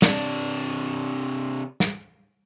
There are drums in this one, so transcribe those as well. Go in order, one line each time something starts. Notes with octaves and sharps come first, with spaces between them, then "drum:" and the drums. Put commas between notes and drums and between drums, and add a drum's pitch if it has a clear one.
C3 D4, drum: snare
drum: snare